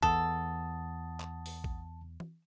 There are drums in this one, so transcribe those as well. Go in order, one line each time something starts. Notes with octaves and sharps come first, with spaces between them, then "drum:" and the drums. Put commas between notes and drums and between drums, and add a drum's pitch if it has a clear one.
E2 A4 F#5 A5 D#6 A6, drum: kick
drum: clap
drum: open hi-hat
drum: kick
drum: tom E3